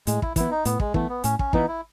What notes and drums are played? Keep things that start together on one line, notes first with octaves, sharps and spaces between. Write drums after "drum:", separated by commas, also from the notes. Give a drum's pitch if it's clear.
A2 G#3, drum: hi-hat
E4, drum: kick
E3 B3 E4, drum: kick, hi-hat
D#4
A2 B3, drum: hi-hat
G#3, drum: kick
E3 A3 B3, drum: kick
B3
A2 C#4, drum: hi-hat
C#4, drum: kick
E3 B3 D#4, drum: kick
E4